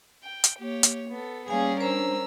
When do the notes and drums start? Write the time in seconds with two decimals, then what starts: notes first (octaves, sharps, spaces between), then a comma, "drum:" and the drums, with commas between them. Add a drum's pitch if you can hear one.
0.23 G5
0.44 drum: hi-hat
0.59 A#3 G4 C#5
0.83 drum: hi-hat
1.09 B3 A4
1.48 G3 A#3 C#4 G#4 F5 G#5
1.80 D4 A#4 C5 A#5 E6